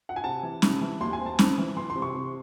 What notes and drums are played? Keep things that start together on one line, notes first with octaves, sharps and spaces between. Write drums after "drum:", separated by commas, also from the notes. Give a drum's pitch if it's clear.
F#5
G#5
C3 A5
E3
C3, drum: snare C#4
E3
D#2 C6
G#5
C4
A5
C4, drum: snare C#4
E3
E3 C6
C6
C3
C#6
C3